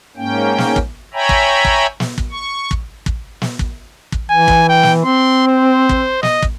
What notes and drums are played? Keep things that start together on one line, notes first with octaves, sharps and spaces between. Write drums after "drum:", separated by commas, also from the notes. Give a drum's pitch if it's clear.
G#2 A#3 C#4 G5
drum: snare
drum: kick
C#5 E5 G5 G#5 A#5 B5
drum: kick
drum: kick
drum: snare
drum: kick
C#6
drum: kick
drum: kick
drum: snare
drum: kick
drum: kick
E3 G#5
drum: kick
G5
drum: snare
C4 C6
C5
drum: kick
D#5, drum: snare
drum: kick